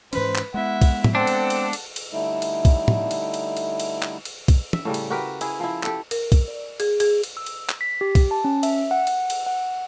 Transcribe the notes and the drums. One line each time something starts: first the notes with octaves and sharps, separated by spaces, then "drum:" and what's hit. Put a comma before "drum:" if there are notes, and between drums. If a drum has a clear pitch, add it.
G#2 E3 C#4 B4 C5, drum: cymbal
drum: clap
G#3 B3 E4 E5 F#5
drum: kick, cymbal
drum: tom
C4 D4 A4 F#5
drum: cymbal
drum: cymbal
drum: cymbal
drum: cymbal
D3 G3 A3 D#4 E4
drum: cymbal
drum: kick, cymbal
drum: tom
drum: cymbal
drum: cymbal
drum: cymbal
drum: cymbal
drum: clap
drum: cymbal
drum: kick, cymbal
E5, drum: tom
A2 C#3 G3
drum: cymbal
F#4 G4 A#4 B4
E4 G#4, drum: cymbal
F3 E4
G4 A4, drum: clap
A#4, drum: cymbal
drum: kick, cymbal
D5
G#4, drum: cymbal
G#4, drum: cymbal
drum: cymbal
E6
drum: cymbal
drum: clap
B6
G4
drum: kick, cymbal
A5
C#4
E5, drum: cymbal
F#5
drum: cymbal
drum: cymbal
F#5